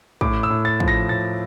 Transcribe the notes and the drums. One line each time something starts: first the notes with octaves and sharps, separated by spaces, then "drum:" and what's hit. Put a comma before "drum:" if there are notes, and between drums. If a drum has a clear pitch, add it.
A2 D6, drum: kick
E6
A2
A6
F3, drum: kick
A#6
A2 A6